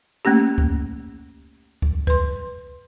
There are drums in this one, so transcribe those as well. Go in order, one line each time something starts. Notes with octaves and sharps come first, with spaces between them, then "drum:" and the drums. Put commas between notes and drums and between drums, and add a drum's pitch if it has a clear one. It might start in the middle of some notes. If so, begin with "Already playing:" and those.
A3 A#3 C#4 G4
drum: kick C#2
drum: kick C#2
B4 C6, drum: kick C#2